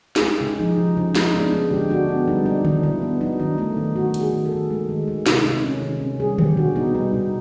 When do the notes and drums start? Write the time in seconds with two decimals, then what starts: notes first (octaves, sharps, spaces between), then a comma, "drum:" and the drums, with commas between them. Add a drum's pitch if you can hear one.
0.16 G#4, drum: snare
0.22 G#3 G4
0.41 C#3
0.59 F3 D#4
0.78 F3
0.97 C#3 D#4
1.15 G#3, drum: snare
1.34 B3 D4
1.53 G#3
1.71 D3 G4
1.90 D4 F#4
2.09 B3
2.28 G3 D#4
2.46 D4 D#4
2.65 D4, drum: tom D3
2.83 D4 E4
3.02 B3
3.21 F#3 D#4
3.39 D#3 D4
3.58 A3 D#4
3.77 D#3
3.96 D#3 F#4
4.14 D#3, drum: hi-hat
4.20 G#4
4.33 D#3
4.45 A4
4.52 D#3
4.70 G#3
4.89 D#3
5.08 G#3
5.26 C3, drum: snare
5.45 C3
5.64 C#4
5.82 D#3
6.01 C#4
6.20 G3 G#4
6.38 B2 G4, drum: tom D3
6.57 D4 F#4
6.76 B3 D#4
6.95 G3 D#4
7.13 B2